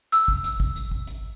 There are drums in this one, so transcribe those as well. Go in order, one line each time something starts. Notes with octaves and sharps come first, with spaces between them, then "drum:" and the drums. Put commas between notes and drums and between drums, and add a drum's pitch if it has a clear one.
E6, drum: hi-hat
drum: kick
drum: hi-hat
drum: kick
drum: hi-hat
drum: kick
drum: hi-hat